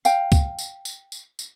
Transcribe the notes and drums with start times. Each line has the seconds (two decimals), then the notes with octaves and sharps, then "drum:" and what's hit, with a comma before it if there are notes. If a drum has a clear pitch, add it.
0.05 F5 G5, drum: tambourine
0.32 drum: kick C#2, tambourine
0.58 drum: tambourine
0.85 drum: tambourine
1.12 drum: tambourine
1.39 drum: tambourine